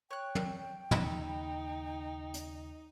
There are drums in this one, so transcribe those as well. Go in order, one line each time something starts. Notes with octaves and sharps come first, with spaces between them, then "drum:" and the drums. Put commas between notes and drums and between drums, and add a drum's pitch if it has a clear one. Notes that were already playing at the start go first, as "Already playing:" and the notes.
C#5 G5 F#6
drum: tom
D#2 C#3 D#4 B5 E6, drum: tom
drum: hi-hat